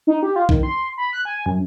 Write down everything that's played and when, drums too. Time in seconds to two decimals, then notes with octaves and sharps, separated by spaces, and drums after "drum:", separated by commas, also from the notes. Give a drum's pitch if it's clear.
0.07 D#4
0.23 G4
0.36 F4
0.49 D#3, drum: kick B1
0.63 C6
0.97 B5
1.13 F#6
1.25 G#5
1.46 F#2